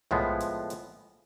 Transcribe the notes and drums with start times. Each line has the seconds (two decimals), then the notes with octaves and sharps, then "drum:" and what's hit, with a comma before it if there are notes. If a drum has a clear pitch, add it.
0.11 A2 F3 G#3 B3, drum: tom
0.40 drum: hi-hat
0.70 drum: hi-hat